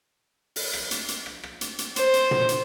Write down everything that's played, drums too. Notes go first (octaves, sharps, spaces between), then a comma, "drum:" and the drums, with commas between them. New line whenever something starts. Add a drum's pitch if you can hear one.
drum: open hi-hat
drum: rim click
drum: hi-hat
drum: hi-hat
drum: rim click
drum: rim click
drum: hi-hat
drum: hi-hat
C5, drum: hi-hat
drum: hi-hat
drum: tom
drum: hi-hat